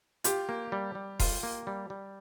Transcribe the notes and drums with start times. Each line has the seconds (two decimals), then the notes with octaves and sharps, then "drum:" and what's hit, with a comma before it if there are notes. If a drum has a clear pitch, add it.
0.24 F4 G4, drum: hi-hat
0.49 A#3
0.72 G3
0.95 G3
1.19 F4, drum: kick E1, open hi-hat
1.43 A#3
1.67 G3
1.90 G3